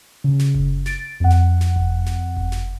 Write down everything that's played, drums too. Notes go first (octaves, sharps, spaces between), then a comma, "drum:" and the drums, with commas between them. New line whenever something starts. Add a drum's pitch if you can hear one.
C#3
drum: snare
drum: kick F#1
A6 D7, drum: snare
F2 F#5
drum: snare
drum: snare
drum: kick F#1
drum: snare
drum: kick F#1
drum: snare